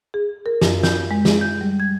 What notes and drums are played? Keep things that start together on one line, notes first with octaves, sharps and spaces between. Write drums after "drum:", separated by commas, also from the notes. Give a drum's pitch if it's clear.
G#4
A#4
F#2, drum: snare
G6, drum: snare
G#3
G#4, drum: snare
G6
G3
G#6